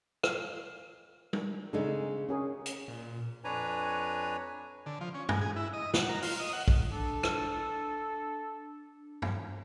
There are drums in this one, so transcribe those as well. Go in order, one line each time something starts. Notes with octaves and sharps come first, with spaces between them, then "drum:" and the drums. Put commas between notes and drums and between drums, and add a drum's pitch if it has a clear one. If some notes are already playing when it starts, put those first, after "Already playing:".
F5, drum: rim click
drum: tom G3
C#3 G#3 C4 D4 D#4 A4
C#4 G#4 A#4
drum: hi-hat
A#2
F2 D4 B4 C#5 G#5 A#5
D3
F3
C#4
G#3, drum: tom G2
G#4
E4
D#5
F#5, drum: snare
A#4
F4, drum: open hi-hat
D#5
F#5
drum: kick A#1
D4 A4
drum: rim click
drum: tom G2